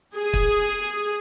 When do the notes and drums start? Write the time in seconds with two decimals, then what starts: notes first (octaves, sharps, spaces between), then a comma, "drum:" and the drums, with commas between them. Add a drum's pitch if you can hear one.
0.15 G#4
0.33 drum: kick